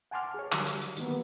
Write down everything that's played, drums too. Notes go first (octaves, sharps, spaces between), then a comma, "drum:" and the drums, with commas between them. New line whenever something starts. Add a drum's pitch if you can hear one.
F#5 G#5 A5 C6 D6 F6
G#4 C#5
D3 F#3 G3, drum: clap
drum: hi-hat
drum: hi-hat
D#3 F3 G3 A#3 B3, drum: hi-hat